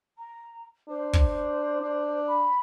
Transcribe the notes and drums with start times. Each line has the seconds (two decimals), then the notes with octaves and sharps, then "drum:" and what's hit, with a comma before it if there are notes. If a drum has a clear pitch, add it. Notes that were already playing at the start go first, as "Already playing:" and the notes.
0.17 A#5
0.89 D4 C5
1.13 drum: kick
1.81 D4
2.27 B5